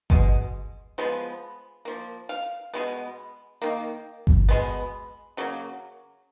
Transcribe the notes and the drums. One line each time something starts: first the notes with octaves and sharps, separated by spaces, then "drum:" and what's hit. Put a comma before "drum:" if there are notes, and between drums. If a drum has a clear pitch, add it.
B2 G#3, drum: kick G1
F3 G#3 B3
F3 A#3
F5
B2 G#3 B3
D#3 A#3
drum: kick G1
B2 G#3 B3
C#3 F#3 A#3